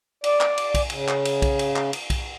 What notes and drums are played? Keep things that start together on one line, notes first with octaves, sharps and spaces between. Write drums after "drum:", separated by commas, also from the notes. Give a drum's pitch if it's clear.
D5, drum: cymbal
drum: clap
drum: cymbal
drum: kick B1, cymbal
C#3, drum: cymbal
drum: clap
drum: cymbal
drum: kick B1, cymbal
drum: cymbal
drum: clap
drum: cymbal
drum: kick B1, cymbal